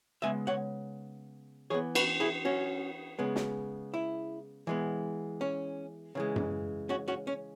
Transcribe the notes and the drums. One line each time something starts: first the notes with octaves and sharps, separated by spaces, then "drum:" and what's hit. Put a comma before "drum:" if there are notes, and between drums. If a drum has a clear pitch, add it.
C#3 G#3 B3 E5 G#5
C#5 F#5
E3 B3 G#4 C#5
F#4 B4, drum: cymbal
E4 G#4
C#4 F#4
C#3 G#3 B3
drum: snare
E4
E3 G#3 B3
C#4
C#3 E3 G#3
drum: tom F#2
C#4 F#4
C#4 F#4
C#4